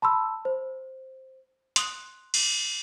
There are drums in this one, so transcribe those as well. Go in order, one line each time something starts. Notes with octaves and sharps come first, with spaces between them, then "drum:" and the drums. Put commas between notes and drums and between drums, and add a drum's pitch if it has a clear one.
A5 B5 C6 E6
C5
C6 D#6 F#6, drum: hi-hat
drum: cymbal